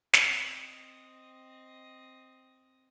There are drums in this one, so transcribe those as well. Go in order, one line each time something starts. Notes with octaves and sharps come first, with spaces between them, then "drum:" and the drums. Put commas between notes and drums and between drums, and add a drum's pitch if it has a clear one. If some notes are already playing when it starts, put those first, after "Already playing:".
C4 D#5, drum: snare